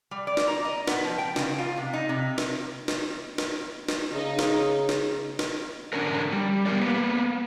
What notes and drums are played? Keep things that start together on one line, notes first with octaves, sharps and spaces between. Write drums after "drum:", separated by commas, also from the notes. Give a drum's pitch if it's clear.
G3
D5
drum: snare
A#5
D#5
B3, drum: snare
F3
G5
C#3, drum: snare
F4
C3
D#4
C3
drum: snare
drum: snare
drum: snare
drum: snare
C#3 D#4
drum: snare
drum: snare
drum: snare
D3 C#4 D4 A#4
G3
G3 B3 G4 G#4 A#4 D5
A#3 B3